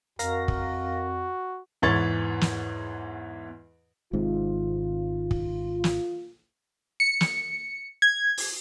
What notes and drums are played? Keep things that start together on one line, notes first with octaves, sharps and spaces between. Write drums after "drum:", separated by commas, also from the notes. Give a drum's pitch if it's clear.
F2 F#4 A#4 F5 A#6, drum: hi-hat
drum: kick
E2 G#2 E3 C#5 A6
drum: snare
G#1 G#2 C3 F4
drum: kick
drum: snare
C#7
drum: snare
G#6
drum: open hi-hat